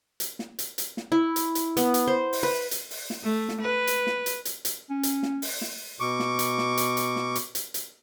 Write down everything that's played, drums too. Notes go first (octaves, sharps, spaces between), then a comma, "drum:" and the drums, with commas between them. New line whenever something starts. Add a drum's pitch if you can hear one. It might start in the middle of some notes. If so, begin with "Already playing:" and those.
drum: hi-hat
drum: snare
drum: hi-hat
drum: hi-hat
drum: snare
E4
drum: hi-hat
drum: hi-hat
B3, drum: hi-hat
drum: hi-hat
C5
drum: open hi-hat
B4
drum: hi-hat
drum: open hi-hat
drum: snare
A3
drum: snare
B4
drum: hi-hat
drum: snare
drum: hi-hat
drum: hi-hat
drum: hi-hat
C#4
drum: hi-hat
drum: snare
drum: open hi-hat
drum: snare
B2 C#6 D6
drum: snare
drum: hi-hat
drum: snare
drum: hi-hat
drum: hi-hat
drum: snare
drum: hi-hat
drum: hi-hat
drum: hi-hat